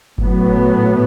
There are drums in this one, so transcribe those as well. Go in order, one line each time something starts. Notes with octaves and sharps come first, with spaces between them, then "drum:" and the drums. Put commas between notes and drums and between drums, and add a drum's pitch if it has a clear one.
A2 F#3 B3, drum: kick F#1